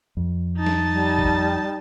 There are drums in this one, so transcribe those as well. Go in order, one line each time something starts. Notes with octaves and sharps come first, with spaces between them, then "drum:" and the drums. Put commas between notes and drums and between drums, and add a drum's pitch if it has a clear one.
F2
D#4 A5
drum: snare
G3
drum: kick